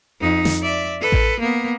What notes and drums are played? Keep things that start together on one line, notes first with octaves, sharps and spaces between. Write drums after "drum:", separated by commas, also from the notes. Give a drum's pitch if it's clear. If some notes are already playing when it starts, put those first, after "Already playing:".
F2 D#4
drum: snare
D5 E5
A4 B4
drum: kick A1
A#3 B3